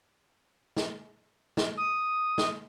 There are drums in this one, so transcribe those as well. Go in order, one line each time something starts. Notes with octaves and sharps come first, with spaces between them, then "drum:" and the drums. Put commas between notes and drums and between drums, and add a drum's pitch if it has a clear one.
drum: snare
drum: snare
D#6
drum: snare